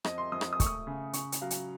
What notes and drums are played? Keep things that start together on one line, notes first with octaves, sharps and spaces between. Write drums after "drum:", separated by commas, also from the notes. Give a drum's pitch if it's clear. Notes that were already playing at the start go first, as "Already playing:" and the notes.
F2 D#5, drum: rim click
C6
F2 D#6
drum: rim click
D#6
A3 C#6, drum: kick, hi-hat
D#6
C#3
C#3 C#6, drum: hi-hat
drum: hi-hat
F#3 F5
drum: hi-hat